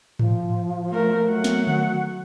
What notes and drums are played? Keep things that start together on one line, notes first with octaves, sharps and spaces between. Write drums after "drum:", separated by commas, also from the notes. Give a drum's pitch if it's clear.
F3, drum: tom G#2
A3 A#4
F#3 A3 F#5
drum: snare
drum: tom D3